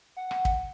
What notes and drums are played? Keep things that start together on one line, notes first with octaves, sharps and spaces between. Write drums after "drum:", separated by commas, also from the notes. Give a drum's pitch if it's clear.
F#5
drum: rim click
drum: kick